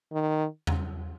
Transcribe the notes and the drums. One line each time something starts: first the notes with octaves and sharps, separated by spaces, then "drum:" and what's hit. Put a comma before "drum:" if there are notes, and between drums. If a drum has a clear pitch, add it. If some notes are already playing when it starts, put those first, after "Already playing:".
D#3
drum: tom E2